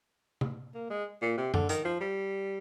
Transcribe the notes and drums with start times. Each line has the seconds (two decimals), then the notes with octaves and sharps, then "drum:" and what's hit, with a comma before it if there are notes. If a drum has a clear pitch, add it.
0.41 drum: tom C3
0.75 A#3
0.90 G#3
1.22 A#2
1.38 C3
1.54 D3, drum: tom F#2
1.69 D#3, drum: hi-hat
1.85 F3
2.01 G3